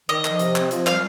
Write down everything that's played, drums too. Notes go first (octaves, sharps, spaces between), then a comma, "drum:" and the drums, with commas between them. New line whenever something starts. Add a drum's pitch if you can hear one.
D#3 D#5
F3, drum: clap
C3, drum: hi-hat
C4, drum: clap
F3, drum: hi-hat
G3 F5, drum: clap